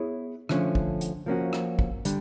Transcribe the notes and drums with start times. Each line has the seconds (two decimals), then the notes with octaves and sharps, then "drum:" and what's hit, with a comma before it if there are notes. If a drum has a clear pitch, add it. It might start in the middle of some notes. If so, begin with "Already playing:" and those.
Already playing: B3 E4 G#4 C#5
0.49 D3 F3 A3 C#4, drum: rim click
0.75 drum: kick
1.01 drum: hi-hat
1.26 F3 A#3 C#4 F#4
1.53 drum: rim click
1.79 drum: kick
2.05 D3 G3, drum: hi-hat